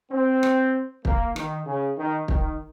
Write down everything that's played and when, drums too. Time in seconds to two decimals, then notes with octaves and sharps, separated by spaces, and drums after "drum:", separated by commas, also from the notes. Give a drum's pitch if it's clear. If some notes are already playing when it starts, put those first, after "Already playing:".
0.12 C4
0.43 drum: rim click
1.05 A#3, drum: kick
1.36 D#3, drum: rim click
1.66 C#3
1.97 D#3
2.28 D#3, drum: kick